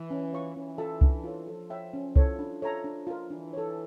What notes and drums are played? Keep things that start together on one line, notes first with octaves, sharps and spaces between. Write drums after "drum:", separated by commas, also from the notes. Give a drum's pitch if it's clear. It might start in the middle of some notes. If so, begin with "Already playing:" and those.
Already playing: E3
C#4
F4 C#5 F5 C#6
E3 C#4
F4 A4 E5 A5
D4, drum: kick C2
F4 A4 C#5
F3 A4
C#5 E5 G5
C#4
E4 A4 C#5, drum: kick C2
D4
A4 C#5 E5 A#5
D4
F4 A#4
E3 D4
A4 C#5